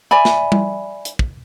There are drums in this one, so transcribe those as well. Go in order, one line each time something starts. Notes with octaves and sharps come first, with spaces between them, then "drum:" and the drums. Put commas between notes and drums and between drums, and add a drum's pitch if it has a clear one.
D5 E5 G#5 B5
drum: snare
drum: tom G3
drum: hi-hat
drum: kick